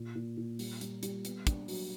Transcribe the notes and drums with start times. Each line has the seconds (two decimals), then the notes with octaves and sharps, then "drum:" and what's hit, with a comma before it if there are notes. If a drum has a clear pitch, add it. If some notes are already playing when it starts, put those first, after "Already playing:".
Already playing: A#2
0.15 A#2
0.37 A#2
0.59 G3, drum: open hi-hat
0.81 G3, drum: hi-hat
1.03 G3, drum: hi-hat
1.25 B3, drum: hi-hat
1.47 D4, drum: kick, hi-hat
1.68 F#3, drum: open hi-hat